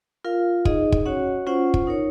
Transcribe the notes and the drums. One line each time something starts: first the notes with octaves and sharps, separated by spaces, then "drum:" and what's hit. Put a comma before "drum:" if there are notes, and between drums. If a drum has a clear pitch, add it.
F4 A#4 F5
D#4 G#4 D#5, drum: kick
drum: kick
C#4 F#4 C#5 F#5
C#4 F4 C5 F#5
drum: kick
D#4 A#4 C#5